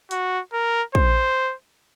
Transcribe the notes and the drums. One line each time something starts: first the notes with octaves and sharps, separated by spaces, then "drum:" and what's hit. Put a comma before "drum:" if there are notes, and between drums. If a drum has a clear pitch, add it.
F#4, drum: hi-hat
A#4
C5, drum: kick